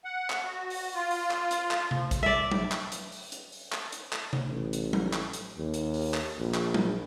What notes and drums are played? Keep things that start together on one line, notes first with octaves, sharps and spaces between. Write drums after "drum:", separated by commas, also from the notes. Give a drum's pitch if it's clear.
F#5
drum: clap
F#4
drum: open hi-hat
F4
drum: open hi-hat
drum: clap
drum: hi-hat
drum: clap
F3, drum: tom C3
drum: kick, hi-hat
D5 E5
drum: tom F#3
drum: clap
drum: hi-hat
drum: open hi-hat
drum: hi-hat
drum: open hi-hat
drum: clap
drum: hi-hat
drum: clap
drum: tom C3
A1
drum: hi-hat
drum: tom F#3
drum: clap
drum: hi-hat
D#2
drum: hi-hat
drum: open hi-hat
drum: clap
A#1
drum: clap
drum: tom F#3